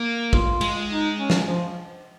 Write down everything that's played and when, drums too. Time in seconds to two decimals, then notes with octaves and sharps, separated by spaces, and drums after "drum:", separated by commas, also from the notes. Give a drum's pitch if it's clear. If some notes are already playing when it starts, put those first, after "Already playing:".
Already playing: A#3
0.33 F4, drum: kick
0.61 G#3, drum: cymbal
0.89 D#4
1.18 C#4
1.30 drum: snare
1.46 F3